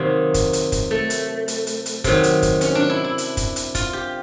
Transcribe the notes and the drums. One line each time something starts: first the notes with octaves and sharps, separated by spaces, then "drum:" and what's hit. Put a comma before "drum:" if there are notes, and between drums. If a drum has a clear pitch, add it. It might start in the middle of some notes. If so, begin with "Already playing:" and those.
Already playing: C3 D#3 F#3 A#3
drum: kick, hi-hat
drum: hi-hat
drum: kick, hi-hat
A3
drum: hi-hat
drum: hi-hat
drum: hi-hat
drum: hi-hat
C3 D#3 F#3, drum: kick, hi-hat
drum: hi-hat
drum: kick, hi-hat
C#4, drum: hi-hat
D4
E4
E4
drum: hi-hat
drum: kick, hi-hat
drum: hi-hat
F4, drum: kick, hi-hat
G4